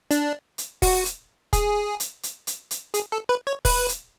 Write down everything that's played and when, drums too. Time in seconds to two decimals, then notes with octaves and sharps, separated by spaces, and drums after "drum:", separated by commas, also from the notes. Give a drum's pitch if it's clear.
0.11 D4, drum: hi-hat
0.58 drum: hi-hat
0.82 F#4, drum: kick, open hi-hat
1.05 drum: hi-hat
1.53 G#4, drum: kick, hi-hat
2.00 drum: hi-hat
2.23 drum: hi-hat
2.47 drum: hi-hat
2.71 drum: hi-hat
2.94 G#4, drum: hi-hat
3.12 A4
3.29 B4
3.47 C#5
3.65 B4, drum: kick, open hi-hat
3.89 drum: hi-hat